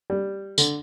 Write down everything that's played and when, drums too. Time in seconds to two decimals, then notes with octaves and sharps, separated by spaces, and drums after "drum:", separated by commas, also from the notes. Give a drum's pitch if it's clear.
0.10 G3
0.58 D3, drum: tambourine